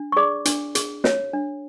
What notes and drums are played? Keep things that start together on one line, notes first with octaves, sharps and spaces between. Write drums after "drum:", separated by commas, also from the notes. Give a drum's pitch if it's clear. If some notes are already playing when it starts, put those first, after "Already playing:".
Already playing: D4
C#6
G#4 D5 D6
D4, drum: hi-hat
G#4, drum: hi-hat
C#5, drum: snare
D4